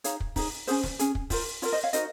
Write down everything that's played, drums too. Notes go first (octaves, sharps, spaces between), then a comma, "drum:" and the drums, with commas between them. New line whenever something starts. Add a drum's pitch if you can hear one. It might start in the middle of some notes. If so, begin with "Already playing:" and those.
D#4 G#4 C#5 F5, drum: hi-hat
drum: kick
D#4 G#4 C#5, drum: kick, open hi-hat
C#4 G#4 C5, drum: open hi-hat
drum: snare
C#4 G#4, drum: hi-hat
drum: kick
F4 A#4 C5, drum: kick, open hi-hat
F4 A#4 C#5, drum: open hi-hat
C5 D#5
C#5 F5
D#4 F#4 A#4 C5 D#5, drum: hi-hat